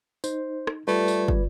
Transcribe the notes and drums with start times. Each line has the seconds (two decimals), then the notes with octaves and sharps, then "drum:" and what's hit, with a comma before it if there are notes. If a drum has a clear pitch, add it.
0.24 D#4 C5, drum: tambourine
0.67 drum: rim click
0.88 G3 A3 F4 B4 D5
1.08 drum: tambourine
1.28 drum: kick